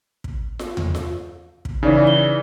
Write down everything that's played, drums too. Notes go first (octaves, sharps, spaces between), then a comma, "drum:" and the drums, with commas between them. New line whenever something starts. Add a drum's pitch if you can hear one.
drum: kick
drum: snare F4
drum: tom E2
drum: snare F4
drum: kick
C#3 E3 D#4 D5
G7